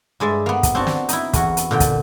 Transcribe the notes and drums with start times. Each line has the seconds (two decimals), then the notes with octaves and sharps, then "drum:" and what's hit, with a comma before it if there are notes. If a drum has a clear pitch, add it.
0.20 G2 G#3 D5 E5
0.46 A#3 B3
0.63 drum: kick, hi-hat
0.75 C4 D4 F#4
0.87 drum: snare
1.09 D#4 E4, drum: hi-hat
1.33 E2 F#4, drum: kick, hi-hat
1.57 drum: hi-hat
1.71 A#2 D3 G5
1.80 drum: kick, hi-hat